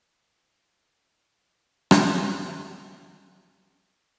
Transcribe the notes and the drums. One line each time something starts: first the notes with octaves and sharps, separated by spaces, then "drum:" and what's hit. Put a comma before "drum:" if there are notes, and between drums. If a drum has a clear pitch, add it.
E3
G#2 D3 D#4
F2 G3 A#3
drum: rim click
C4 C#4
B4
C5 F5 G5 D7 F7 G7
G5 C6